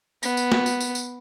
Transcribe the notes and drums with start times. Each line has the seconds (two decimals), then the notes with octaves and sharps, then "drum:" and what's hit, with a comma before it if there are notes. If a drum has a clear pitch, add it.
0.23 B3, drum: tambourine
0.37 drum: tambourine
0.52 drum: snare
0.66 drum: tambourine
0.80 drum: tambourine
0.95 drum: tambourine